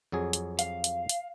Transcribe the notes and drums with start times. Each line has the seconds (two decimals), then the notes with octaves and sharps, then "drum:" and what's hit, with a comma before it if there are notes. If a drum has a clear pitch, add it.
0.12 F2 F#3 G#4
0.33 drum: hi-hat
0.59 F5, drum: hi-hat
0.84 drum: hi-hat
1.09 drum: hi-hat